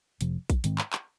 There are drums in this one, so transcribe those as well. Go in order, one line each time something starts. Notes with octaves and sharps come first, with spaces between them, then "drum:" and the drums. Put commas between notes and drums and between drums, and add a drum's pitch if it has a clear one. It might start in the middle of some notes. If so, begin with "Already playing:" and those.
F1 F2 C3 F3, drum: hi-hat
drum: kick A#1, hi-hat
G#2 D#3 G#3 C4, drum: hi-hat
drum: clap
drum: clap